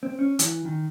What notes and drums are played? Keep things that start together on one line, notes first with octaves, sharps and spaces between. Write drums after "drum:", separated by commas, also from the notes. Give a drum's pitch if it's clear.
C4
C#4
E3, drum: hi-hat
D#3